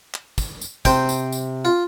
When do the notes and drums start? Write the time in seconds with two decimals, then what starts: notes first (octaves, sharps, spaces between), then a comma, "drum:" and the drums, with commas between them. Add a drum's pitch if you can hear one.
0.14 drum: clap
0.38 drum: kick, tambourine
0.61 drum: tambourine
0.85 C3 C5 G5, drum: kick, tambourine
1.09 drum: tambourine
1.32 drum: tambourine
1.65 F4